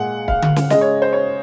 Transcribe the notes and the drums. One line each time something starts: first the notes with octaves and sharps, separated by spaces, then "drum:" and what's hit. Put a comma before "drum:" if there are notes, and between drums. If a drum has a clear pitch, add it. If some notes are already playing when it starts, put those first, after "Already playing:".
Already playing: A#2 G#3 F#5
F5, drum: kick C#1
drum: tom D3
drum: snare
C#3 G#3 D#5, drum: snare
C#5
C5
C#5